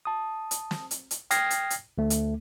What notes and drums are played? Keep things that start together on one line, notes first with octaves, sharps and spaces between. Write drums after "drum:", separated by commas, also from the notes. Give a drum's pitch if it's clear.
A5 D#6
drum: hi-hat
drum: snare
drum: hi-hat
drum: hi-hat
G5 D#6 F6 G#6 A#6 C7, drum: hi-hat
drum: hi-hat
drum: hi-hat
D2 A3
drum: hi-hat